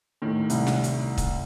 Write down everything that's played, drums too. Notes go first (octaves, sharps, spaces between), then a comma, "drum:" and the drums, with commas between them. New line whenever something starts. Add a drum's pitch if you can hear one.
D#1 A2 D#3
C2, drum: hi-hat
drum: snare
drum: hi-hat
drum: kick, hi-hat